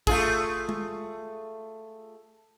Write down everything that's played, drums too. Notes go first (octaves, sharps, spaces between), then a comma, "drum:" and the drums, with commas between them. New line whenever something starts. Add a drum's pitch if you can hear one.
A3 F4 G#4, drum: kick
drum: tom G#3